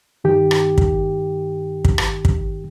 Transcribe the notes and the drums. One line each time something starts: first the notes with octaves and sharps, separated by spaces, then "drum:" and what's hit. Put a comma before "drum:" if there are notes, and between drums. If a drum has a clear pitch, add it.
G2 D#3 G4 G5
drum: rim click
drum: kick
drum: kick
drum: rim click
drum: kick